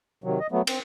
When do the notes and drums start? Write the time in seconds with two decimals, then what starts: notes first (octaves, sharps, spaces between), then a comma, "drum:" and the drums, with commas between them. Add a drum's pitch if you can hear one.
0.24 C3 D#3 F#3
0.40 D#5
0.52 F#3 A3 B3
0.67 C4, drum: cymbal